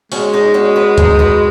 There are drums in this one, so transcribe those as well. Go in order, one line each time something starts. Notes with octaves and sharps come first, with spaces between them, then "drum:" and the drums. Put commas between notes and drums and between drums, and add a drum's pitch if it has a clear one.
G#3 C#4 F#4, drum: open hi-hat
D#4 G#4
C#4 F#4
F#4 B4
D#4 G#4, drum: kick D2, hi-hat
F#4 B4